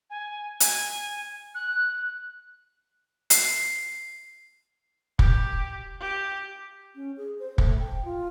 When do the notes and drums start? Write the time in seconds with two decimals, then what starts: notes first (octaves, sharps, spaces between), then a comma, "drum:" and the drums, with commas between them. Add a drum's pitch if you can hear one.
0.10 G#5
0.60 G#5, drum: hi-hat
1.55 F#6
3.30 C7, drum: hi-hat
5.19 G4, drum: kick
6.01 G4
6.96 C#4
7.17 G#4
7.39 C5
7.58 A3, drum: kick
7.79 G5
8.05 F4